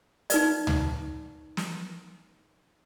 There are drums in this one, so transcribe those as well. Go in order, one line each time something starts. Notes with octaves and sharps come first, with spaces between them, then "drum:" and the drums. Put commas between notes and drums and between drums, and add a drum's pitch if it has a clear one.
D#4 B4 D5, drum: hi-hat
drum: tom C#2
drum: snare